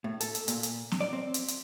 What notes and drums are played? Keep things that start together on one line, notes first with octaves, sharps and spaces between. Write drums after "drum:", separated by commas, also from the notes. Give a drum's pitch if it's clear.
A2
A4, drum: hi-hat
drum: hi-hat
A#2, drum: hi-hat
drum: hi-hat
drum: snare
D5
C4
drum: hi-hat
drum: hi-hat